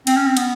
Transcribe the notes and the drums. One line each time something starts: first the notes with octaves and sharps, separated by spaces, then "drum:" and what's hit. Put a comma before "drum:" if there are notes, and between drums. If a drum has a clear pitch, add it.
C4, drum: cymbal
C#4
C4
B3, drum: cymbal